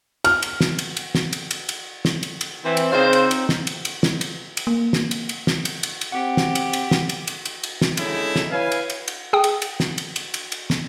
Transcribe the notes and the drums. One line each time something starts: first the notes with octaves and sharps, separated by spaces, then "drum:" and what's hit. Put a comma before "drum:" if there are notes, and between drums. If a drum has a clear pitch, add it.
F6, drum: cymbal
drum: cymbal
drum: snare
drum: cymbal
drum: cymbal
drum: snare
drum: cymbal
drum: cymbal
drum: cymbal
drum: snare
drum: cymbal
drum: cymbal
E3 C4
drum: cymbal
C#3 C4 D#4 F4 C5
drum: cymbal
drum: cymbal
drum: snare
drum: cymbal
drum: cymbal
drum: snare
drum: cymbal
drum: cymbal
A#3
drum: snare
drum: cymbal
drum: cymbal
drum: snare
drum: cymbal
drum: cymbal
drum: cymbal
C4 G4 F#5
drum: snare
drum: cymbal
drum: cymbal
drum: snare
drum: cymbal
drum: cymbal
drum: cymbal
drum: cymbal
drum: snare
D3 G#3 C#4 D#4 E4, drum: cymbal
drum: snare
E4 B4 C#5 F5 G#5
drum: cymbal
drum: cymbal
drum: cymbal
G#4 G5 D#6
drum: cymbal
drum: cymbal
drum: snare
drum: cymbal
drum: cymbal
drum: cymbal
drum: cymbal
drum: snare